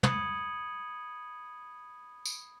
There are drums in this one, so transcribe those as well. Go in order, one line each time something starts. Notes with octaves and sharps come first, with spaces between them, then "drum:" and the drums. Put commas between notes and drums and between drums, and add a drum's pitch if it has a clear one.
B5 D#6 G#6 C#7 D#7 F#7, drum: tom
drum: tambourine